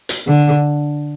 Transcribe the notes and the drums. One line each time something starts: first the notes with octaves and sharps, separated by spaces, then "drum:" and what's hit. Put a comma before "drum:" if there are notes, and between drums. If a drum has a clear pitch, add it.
drum: hi-hat
D3